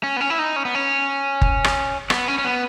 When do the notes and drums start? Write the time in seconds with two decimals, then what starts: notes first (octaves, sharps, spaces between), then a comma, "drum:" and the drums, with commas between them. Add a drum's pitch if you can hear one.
0.03 C#4
0.17 B3
0.21 C#4
0.30 E4
0.39 D#4
0.56 C#4
0.65 B3
0.75 C#4
1.42 drum: kick F#1
1.64 drum: rim click
2.10 B3, drum: rim click
2.28 C#4
2.38 C#4
2.44 B3